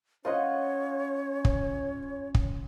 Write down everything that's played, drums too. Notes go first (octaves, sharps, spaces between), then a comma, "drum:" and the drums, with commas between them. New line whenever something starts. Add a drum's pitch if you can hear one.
C#4 F4 C5 C#5 D#5 F#5 C6
drum: kick
drum: kick